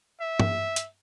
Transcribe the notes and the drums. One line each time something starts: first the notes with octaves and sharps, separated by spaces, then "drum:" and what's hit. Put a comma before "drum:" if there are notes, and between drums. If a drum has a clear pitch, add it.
E5
drum: tom G2
drum: hi-hat